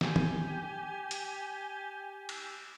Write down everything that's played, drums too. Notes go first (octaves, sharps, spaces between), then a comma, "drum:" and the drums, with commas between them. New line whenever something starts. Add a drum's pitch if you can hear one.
G4 G#5, drum: snare
drum: tom
drum: hi-hat
drum: cymbal